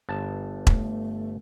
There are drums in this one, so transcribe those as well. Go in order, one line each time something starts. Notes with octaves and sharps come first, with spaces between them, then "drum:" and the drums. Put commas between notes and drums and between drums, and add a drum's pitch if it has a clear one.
G1 A5
A3, drum: kick E1